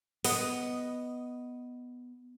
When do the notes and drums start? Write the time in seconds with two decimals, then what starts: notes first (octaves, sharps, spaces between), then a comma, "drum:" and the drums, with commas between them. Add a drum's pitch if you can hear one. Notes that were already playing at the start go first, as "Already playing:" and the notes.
0.25 B3 D#5, drum: open hi-hat